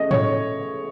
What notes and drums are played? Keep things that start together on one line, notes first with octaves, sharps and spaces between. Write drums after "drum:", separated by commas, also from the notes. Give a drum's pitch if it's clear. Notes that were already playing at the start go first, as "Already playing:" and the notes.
Already playing: C#3 E3 A3 D#5
C#5, drum: tom G#2